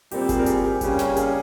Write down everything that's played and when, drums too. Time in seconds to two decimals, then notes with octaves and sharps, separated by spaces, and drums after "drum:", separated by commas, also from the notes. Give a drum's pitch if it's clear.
0.11 A#2 G3 C4 G4, drum: open hi-hat
0.21 G4
0.29 G#4, drum: kick G1, hi-hat
0.39 A#4
0.46 G#4, drum: hi-hat
0.64 G4
0.81 C#3 G3 A#3 C#4 G4, drum: kick G1, hi-hat
0.99 drum: snare
1.16 G#4, drum: hi-hat